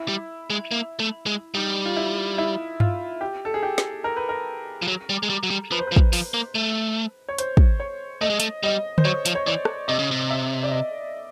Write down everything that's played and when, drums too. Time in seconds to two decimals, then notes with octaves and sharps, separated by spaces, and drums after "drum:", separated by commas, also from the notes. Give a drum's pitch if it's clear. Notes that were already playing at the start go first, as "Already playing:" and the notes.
Already playing: E4
0.08 G3
0.50 G#3
0.71 A#3
1.00 A3
1.26 G#3
1.54 G3 D#4
1.85 F4
1.97 E4
2.38 E4
2.80 F4, drum: tom G2
3.21 G4
3.45 A4
3.54 G#4
3.63 G4
3.78 drum: snare
4.04 A#4
4.17 B4
4.29 A#4
4.82 F3
4.88 F#3
5.10 G3
5.23 G#3
5.30 G3
5.43 F#3
5.50 G3
5.72 F3 B4
5.79 C5
5.87 F3 B4
5.96 drum: kick
6.13 F3, drum: open hi-hat
6.34 A#3
6.55 A3
7.29 C#5
7.38 C5, drum: hi-hat
7.57 drum: kick
7.80 C#5
8.21 A3 D#5
8.30 G#3
8.40 A3, drum: hi-hat
8.63 G3 D#5
8.98 C5, drum: tom D3
9.05 F#3 C#5
9.26 F3, drum: hi-hat
9.35 C#5
9.47 E3 D5
9.65 drum: rim click
9.88 C3 D#5
9.99 C#3
10.11 C3
10.30 E5
10.63 D5
10.72 D#5